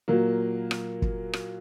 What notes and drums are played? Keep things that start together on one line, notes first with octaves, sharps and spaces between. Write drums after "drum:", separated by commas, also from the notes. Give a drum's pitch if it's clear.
A#2 F#3 A#3
drum: rim click
drum: kick
drum: rim click